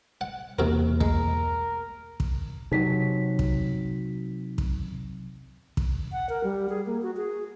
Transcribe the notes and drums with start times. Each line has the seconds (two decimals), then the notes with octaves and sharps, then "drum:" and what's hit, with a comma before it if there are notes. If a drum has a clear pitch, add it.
0.21 F#5
0.59 E1 E2 C3 A#3 F#4 A#4
1.01 G#3 A#4, drum: kick
2.20 drum: kick
2.72 C3 F#3 D#4 B6
3.39 drum: kick
4.58 drum: kick
5.77 drum: kick
6.12 F#5
6.29 A#4
6.44 G3
6.69 G#4
6.87 A#3
7.02 F#4
7.17 G#4